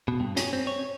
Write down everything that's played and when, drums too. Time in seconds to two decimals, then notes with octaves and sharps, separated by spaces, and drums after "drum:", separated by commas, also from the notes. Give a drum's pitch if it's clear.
0.08 B2
0.20 G2
0.36 C#4, drum: hi-hat
0.53 C4
0.67 C#5